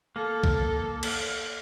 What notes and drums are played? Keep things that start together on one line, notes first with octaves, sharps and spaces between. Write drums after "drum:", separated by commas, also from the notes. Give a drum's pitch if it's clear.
A#3 A4
drum: kick
drum: cymbal